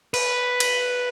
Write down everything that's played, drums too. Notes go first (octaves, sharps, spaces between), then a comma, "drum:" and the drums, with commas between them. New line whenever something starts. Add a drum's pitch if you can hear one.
B4, drum: cymbal
drum: cymbal